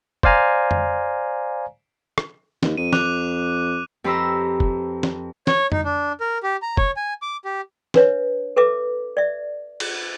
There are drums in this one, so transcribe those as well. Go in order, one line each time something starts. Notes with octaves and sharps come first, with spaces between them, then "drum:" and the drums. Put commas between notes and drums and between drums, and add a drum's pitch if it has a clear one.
C5 D5 F5 G#5 A#5, drum: kick F1
drum: tom F2
drum: rim click
D#2, drum: snare
F2 D#7
D6 F#6 F7, drum: snare
F2 G4 B4 C5 A#5 E6
drum: kick F1
drum: snare
C#5, drum: snare
D#4, drum: tom F2
D4
A#4
G4
A#5
C#5, drum: kick F1
G#5
D6
G4
D4 B4 C#5 E5, drum: snare
A4 B4 E5 D6
D5 E5
drum: cymbal